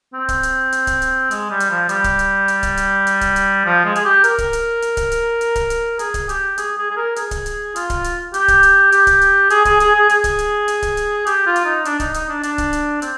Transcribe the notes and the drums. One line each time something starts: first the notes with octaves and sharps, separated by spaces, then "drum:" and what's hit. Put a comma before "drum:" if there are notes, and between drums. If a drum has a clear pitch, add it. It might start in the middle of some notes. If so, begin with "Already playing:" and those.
C4
drum: kick C#1, hi-hat
drum: hi-hat
drum: hi-hat
drum: kick C#1, hi-hat
drum: hi-hat
G#3, drum: hi-hat
G3
drum: hi-hat
F3
G3, drum: hi-hat
drum: kick C#1, hi-hat
drum: hi-hat
drum: hi-hat
drum: kick C#1, hi-hat
drum: hi-hat
drum: hi-hat
drum: kick C#1, hi-hat
drum: hi-hat
F3
G#3
G#4, drum: hi-hat
G4
A#4, drum: hi-hat
drum: kick C#1, hi-hat
drum: hi-hat
drum: hi-hat
drum: kick C#1, hi-hat
drum: hi-hat
drum: hi-hat
drum: kick C#1, hi-hat
drum: hi-hat
G#4, drum: hi-hat
drum: kick C#1, hi-hat
G4, drum: hi-hat
G#4, drum: hi-hat
G#4
G#4
A#4
G#4, drum: hi-hat
drum: kick C#1, hi-hat
drum: hi-hat
F4, drum: hi-hat
drum: kick C#1, hi-hat
drum: hi-hat
G4, drum: hi-hat
drum: kick C#1, hi-hat
drum: hi-hat
G4, drum: hi-hat
drum: kick C#1, hi-hat
drum: hi-hat
G#4, drum: hi-hat
G#4, drum: kick C#1, hi-hat
G#4, drum: hi-hat
G#4
G#4, drum: hi-hat
drum: kick C#1, hi-hat
drum: hi-hat
drum: hi-hat
drum: kick C#1, hi-hat
drum: hi-hat
G4, drum: hi-hat
F4
drum: hi-hat
D#4
D4, drum: hi-hat
D#4, drum: kick C#1, hi-hat
D#4, drum: hi-hat
D4
D4, drum: hi-hat
drum: kick C#1, hi-hat
drum: hi-hat
C4, drum: hi-hat